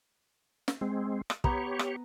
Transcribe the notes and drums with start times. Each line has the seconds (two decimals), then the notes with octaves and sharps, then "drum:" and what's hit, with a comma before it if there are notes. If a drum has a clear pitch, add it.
0.68 drum: snare
0.81 G#3 C4
1.30 drum: rim click
1.44 B3 G4 C#5 A#5, drum: kick
1.79 drum: rim click